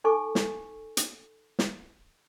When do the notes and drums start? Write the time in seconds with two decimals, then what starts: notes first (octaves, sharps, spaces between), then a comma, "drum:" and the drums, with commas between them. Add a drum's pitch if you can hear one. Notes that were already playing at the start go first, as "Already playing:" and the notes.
0.04 D#4 A4 G#5 C#6 D6
0.35 drum: snare
0.97 drum: hi-hat
1.59 drum: snare